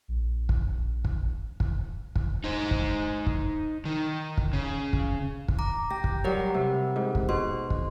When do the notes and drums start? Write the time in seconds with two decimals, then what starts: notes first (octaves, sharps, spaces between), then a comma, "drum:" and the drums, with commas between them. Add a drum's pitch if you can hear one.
0.08 A#1
0.49 drum: kick
1.05 drum: kick
1.60 drum: kick
2.16 drum: kick
2.44 D#4 C5
2.71 drum: kick
3.26 drum: kick
3.85 D#3
4.37 drum: kick
4.53 C#3
4.93 drum: kick
5.48 drum: kick
5.59 A#5 D6
5.91 G4 A#6
6.04 drum: kick
6.24 F#3 G3 G4 A#4 F#5
6.54 C3
6.96 G#2
7.15 drum: kick
7.29 B2 C6
7.70 drum: kick